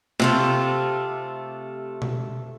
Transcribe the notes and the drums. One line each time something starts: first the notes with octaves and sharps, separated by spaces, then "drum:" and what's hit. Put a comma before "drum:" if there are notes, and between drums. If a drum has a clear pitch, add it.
C3 A3 F4, drum: snare
drum: tom B2